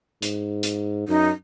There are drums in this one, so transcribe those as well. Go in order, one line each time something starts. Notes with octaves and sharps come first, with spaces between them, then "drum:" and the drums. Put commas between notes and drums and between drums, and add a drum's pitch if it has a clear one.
G#2, drum: hi-hat
drum: hi-hat
F#2 D#4